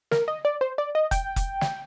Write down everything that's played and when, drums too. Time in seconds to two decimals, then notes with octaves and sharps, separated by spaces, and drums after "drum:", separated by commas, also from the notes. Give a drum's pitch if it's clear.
0.11 A#4, drum: snare
0.28 D#5
0.45 D5
0.61 C5
0.78 D5
0.95 D#5
1.11 G5, drum: kick F1, hi-hat
1.36 drum: kick F1, hi-hat
1.61 drum: snare